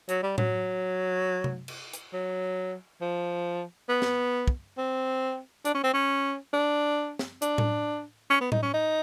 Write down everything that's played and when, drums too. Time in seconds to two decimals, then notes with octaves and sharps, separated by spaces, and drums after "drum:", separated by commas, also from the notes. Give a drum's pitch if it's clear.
0.09 F#3, drum: hi-hat
0.23 G3
0.38 F#3, drum: tom A2
1.44 drum: tom C3
1.68 drum: cymbal
1.93 drum: hi-hat
2.13 F#3
3.01 F3
3.89 B3
4.02 drum: snare
4.48 drum: kick
4.78 C4
5.65 D4, drum: hi-hat
5.74 C#4
5.84 C4
5.93 C#4
6.53 D4
7.19 drum: snare
7.42 D4, drum: hi-hat
7.58 drum: tom A2
8.30 C#4
8.41 B3
8.52 D#4, drum: tom A2
8.62 C#4
8.74 D#4